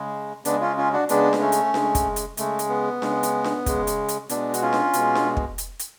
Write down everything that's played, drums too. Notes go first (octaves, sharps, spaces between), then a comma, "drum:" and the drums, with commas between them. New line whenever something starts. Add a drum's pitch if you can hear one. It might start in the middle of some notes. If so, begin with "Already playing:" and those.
Already playing: C#3 G#3
C#3 G#3 B3 D4, drum: hi-hat
C#4 F4
C#4 F4
D4 F#4
C#3 G#3 B3 D4, drum: hi-hat
B3, drum: snare D4
A3 C#4
drum: hi-hat
C#3 G#3, drum: snare D4
drum: kick, hi-hat
drum: hi-hat
C#3 G#3 A3, drum: hi-hat
drum: hi-hat
B3
C#3 G#3, drum: snare D4
drum: hi-hat
drum: snare D4
C#3 G#3, drum: kick, hi-hat
drum: hi-hat
drum: hi-hat
B2 G#3 B3 D4, drum: hi-hat
F#4, drum: hi-hat
C#4 F4
drum: snare D4
B2 G#3, drum: hi-hat
drum: snare D4
drum: kick
drum: hi-hat
drum: hi-hat